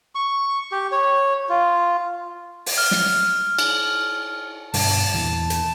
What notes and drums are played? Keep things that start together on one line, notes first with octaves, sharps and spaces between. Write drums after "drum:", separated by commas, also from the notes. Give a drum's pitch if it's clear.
C#6
G4
C#5
F4
drum: open hi-hat
F6
drum: snare
drum: cymbal
G2 B2 D3 A5, drum: open hi-hat
E2 A#2 E3
drum: hi-hat